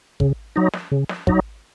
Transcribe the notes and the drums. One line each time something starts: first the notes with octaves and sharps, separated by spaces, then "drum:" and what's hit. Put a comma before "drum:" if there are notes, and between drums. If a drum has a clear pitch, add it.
C#3, drum: kick
F#3 D#4
drum: snare
C#3
drum: snare
F#3 D#4, drum: kick